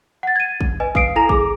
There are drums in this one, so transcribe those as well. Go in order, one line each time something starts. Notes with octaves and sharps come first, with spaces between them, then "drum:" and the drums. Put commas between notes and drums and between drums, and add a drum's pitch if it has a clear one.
F#5 A6
G#6 D#7
drum: kick
B4 D#5 G#5
B4 F5 D#6 C7 D7, drum: kick
E4 A4 G#5 A#5 A#6 F7
G#4 D6, drum: kick